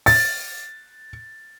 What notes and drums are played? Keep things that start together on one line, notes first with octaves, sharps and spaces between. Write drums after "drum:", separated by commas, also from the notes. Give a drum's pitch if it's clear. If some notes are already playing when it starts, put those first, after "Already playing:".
A6, drum: open hi-hat